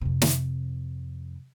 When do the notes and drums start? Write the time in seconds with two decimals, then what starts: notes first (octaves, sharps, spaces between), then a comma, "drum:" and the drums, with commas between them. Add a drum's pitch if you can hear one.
0.01 F2 C3
0.22 drum: snare